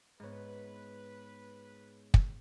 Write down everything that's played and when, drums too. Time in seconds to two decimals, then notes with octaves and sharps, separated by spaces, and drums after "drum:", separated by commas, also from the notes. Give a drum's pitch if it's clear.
0.20 G#2 G#3 B3 B4 C#5
2.14 drum: kick